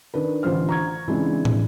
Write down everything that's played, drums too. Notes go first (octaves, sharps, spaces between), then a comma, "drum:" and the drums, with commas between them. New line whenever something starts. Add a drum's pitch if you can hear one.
D#3 D4 B4
A1 D3 E3 F4 C5 F6
A#5 C#6 G#6
C#3 E3 G#3 C4 D4 E4
drum: tom